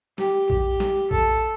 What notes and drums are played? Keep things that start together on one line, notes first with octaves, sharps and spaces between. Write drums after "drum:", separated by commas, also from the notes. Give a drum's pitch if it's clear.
G4, drum: snare
G4, drum: kick A#1
drum: snare
A4, drum: kick A#1